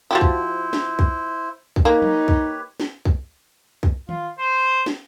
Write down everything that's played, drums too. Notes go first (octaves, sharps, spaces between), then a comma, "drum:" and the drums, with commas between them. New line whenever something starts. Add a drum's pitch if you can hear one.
F3 E4 F#4 G4 C5
drum: kick
drum: snare
drum: kick
drum: kick
A#3 D#4 G4 B4 C#5
drum: tom
drum: kick
drum: snare
drum: kick
drum: kick
F4, drum: tom D#3
C5
drum: snare